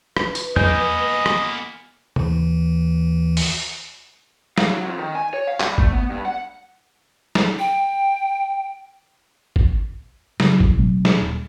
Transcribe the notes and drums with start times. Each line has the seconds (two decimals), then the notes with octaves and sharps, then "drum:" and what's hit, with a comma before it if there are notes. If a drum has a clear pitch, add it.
0.17 B4, drum: rim click
0.35 drum: tambourine
0.56 A#3 B3 D#5 G#5 G6, drum: tom
1.26 drum: rim click
2.16 D#2 E3, drum: tom C3
3.37 drum: open hi-hat
4.58 F5, drum: snare
4.70 F#3
4.85 F2
4.99 D#3
5.15 G#5
5.34 C#5
5.47 F5
5.60 G3, drum: clap
5.78 A3, drum: kick
5.93 B3
6.10 G2
6.26 F#5
7.35 drum: snare
7.59 G5
9.56 drum: kick
10.40 C#3 F#3, drum: snare
10.60 B1 A2 A3, drum: kick
10.78 B2 F#3 A3 C4
11.05 drum: snare
11.20 D#1